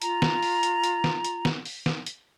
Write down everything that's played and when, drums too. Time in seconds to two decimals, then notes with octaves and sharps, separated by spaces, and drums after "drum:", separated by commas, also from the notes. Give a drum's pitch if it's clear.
0.02 F4 A#5, drum: hi-hat
0.22 drum: snare
0.43 drum: open hi-hat
0.63 drum: hi-hat
0.84 drum: hi-hat
1.04 drum: snare
1.25 drum: hi-hat
1.45 drum: snare
1.65 drum: open hi-hat
1.86 drum: snare
2.06 drum: hi-hat